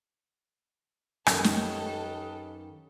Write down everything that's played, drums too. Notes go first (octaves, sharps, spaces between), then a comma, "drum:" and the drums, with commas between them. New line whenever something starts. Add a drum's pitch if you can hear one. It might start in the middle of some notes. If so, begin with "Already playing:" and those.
F#2 D#3 A#3 C#4 G4 A4 B4 D#5, drum: rim click
drum: snare